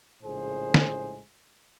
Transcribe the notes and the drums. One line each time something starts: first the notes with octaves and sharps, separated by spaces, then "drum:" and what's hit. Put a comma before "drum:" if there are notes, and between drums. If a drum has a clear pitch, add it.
A#1 A2 C#3 G#3 G#4 C5
drum: snare